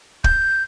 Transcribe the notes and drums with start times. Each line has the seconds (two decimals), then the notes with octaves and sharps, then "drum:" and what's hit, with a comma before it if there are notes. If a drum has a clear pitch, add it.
0.24 G6, drum: kick